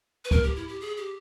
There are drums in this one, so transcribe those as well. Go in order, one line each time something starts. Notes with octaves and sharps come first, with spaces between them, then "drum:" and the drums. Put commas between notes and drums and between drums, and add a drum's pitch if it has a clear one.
B4
A#4, drum: kick
G4
E4
G4
G#4
G4